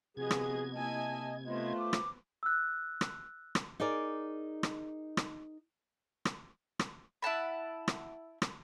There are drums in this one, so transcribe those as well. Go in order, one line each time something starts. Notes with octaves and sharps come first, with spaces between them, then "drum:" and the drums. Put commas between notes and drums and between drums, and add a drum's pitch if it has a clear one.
C3 F3 B3 F#4 G#4 D#5 G#6
drum: rim click
A#3 E4 D#5 G#5 A5
A3 B3 F4 B4 C5 D#5
D6
drum: rim click
E6 F#6
drum: rim click
drum: rim click
D#4 G#4 A#4 D5
drum: rim click
drum: rim click
drum: rim click
drum: rim click
E4 F#5 A5 B5
drum: rim click
drum: rim click